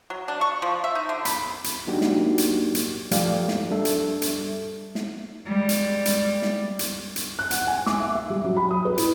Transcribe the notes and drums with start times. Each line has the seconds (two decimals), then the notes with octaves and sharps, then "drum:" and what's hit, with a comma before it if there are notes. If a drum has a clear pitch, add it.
0.10 F#3
0.28 D4
0.41 C#6
0.62 F3
0.84 E5
0.95 D#4
1.09 D3
1.25 B5, drum: hi-hat
1.64 drum: hi-hat
1.87 F#3 A#3 D4 D#4 F#4 G4
2.01 drum: snare
2.38 drum: hi-hat
2.75 drum: hi-hat
3.11 F3 G3 A3 G4 D5 F5, drum: hi-hat
3.48 drum: snare
3.71 G3 D4 A4 E5
3.85 drum: hi-hat
4.22 drum: hi-hat
4.95 drum: snare
5.45 G3 G#3
5.69 drum: hi-hat
6.05 drum: hi-hat
6.42 drum: snare
6.79 drum: hi-hat
7.16 drum: hi-hat
7.39 F#6
7.51 F#5, drum: hi-hat
7.67 G#5
7.86 D6, drum: snare
8.00 E5
8.15 E5
8.30 G3
8.44 F#3
8.57 B5
8.71 D#6
8.85 B4
8.98 E4, drum: hi-hat